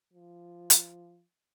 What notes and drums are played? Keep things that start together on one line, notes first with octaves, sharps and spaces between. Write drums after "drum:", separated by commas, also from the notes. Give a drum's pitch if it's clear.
F3
drum: hi-hat